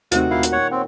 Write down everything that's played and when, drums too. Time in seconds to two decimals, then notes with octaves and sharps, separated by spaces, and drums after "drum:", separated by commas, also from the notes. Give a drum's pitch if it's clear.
0.12 D#2 C3 D#3 A3 C4 F#4, drum: hi-hat
0.31 A#2 E4 G4 F5
0.43 drum: hi-hat
0.52 C#5 F#5
0.72 C4 C#5 F#5